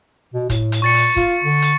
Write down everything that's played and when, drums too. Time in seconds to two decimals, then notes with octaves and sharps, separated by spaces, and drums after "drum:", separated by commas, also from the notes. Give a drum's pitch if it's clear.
0.34 B2
0.50 A2, drum: kick, hi-hat
0.72 drum: hi-hat
0.82 A#2 C#6 A6 C#7
0.95 drum: open hi-hat
1.16 F4, drum: kick
1.44 D3
1.62 drum: hi-hat